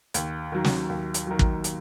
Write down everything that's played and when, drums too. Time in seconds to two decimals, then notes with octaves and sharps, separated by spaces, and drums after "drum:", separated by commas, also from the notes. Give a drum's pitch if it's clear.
0.14 D#2, drum: hi-hat
0.52 D#3 F#3
0.64 drum: snare
0.89 D#2
1.14 drum: hi-hat
1.27 D#3 F#3
1.39 drum: kick
1.64 drum: hi-hat